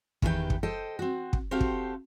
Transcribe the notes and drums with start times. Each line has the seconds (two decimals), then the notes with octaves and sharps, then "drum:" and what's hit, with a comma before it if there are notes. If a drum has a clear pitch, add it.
0.22 E2 D#3 G4 G#4 B4 G5, drum: kick
0.50 drum: kick
0.63 A4 C5 D#5 G5
0.99 C4 F#4
1.33 drum: kick
1.51 C4 F#4 G4 A4 C5 F5
1.61 drum: kick